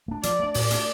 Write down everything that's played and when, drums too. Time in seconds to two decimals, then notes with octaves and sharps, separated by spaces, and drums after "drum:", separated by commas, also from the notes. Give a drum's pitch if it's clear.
0.08 A3 D4
0.23 F3 D5, drum: hi-hat
0.39 A3 D4
0.54 A2 D5, drum: open hi-hat
0.71 A3 D4, drum: hi-hat